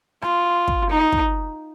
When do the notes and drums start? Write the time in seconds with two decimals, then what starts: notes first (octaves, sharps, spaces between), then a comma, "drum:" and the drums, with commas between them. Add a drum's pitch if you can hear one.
0.22 F4, drum: rim click
0.68 drum: kick
0.90 D#4
1.12 drum: kick